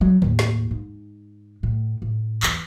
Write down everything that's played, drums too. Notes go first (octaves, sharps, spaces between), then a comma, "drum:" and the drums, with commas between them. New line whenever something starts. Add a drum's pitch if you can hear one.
F#3, drum: tom
D#2 A2, drum: tom D3
drum: snare
G#2
A2
A2
E2 E3, drum: clap